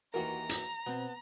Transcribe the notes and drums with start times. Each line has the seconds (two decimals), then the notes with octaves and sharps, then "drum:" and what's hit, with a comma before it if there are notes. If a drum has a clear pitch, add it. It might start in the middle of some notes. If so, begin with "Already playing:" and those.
0.14 D#2 D#3 E3 F#4 A#4 A#5
0.49 drum: hi-hat
0.86 B2 B3 C4